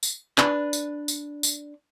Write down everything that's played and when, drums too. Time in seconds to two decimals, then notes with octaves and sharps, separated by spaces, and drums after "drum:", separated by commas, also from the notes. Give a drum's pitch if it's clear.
0.03 drum: tambourine
0.38 D4 B4, drum: clap
0.73 drum: tambourine
1.08 drum: tambourine
1.43 drum: tambourine